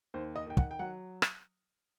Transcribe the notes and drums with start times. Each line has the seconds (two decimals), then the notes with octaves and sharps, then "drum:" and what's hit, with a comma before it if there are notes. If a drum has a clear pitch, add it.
0.14 D#2 C5
0.36 D#5
0.46 D#3 G5
0.57 F#5, drum: kick
0.71 G5
0.79 F#3 F#5
1.22 drum: rim click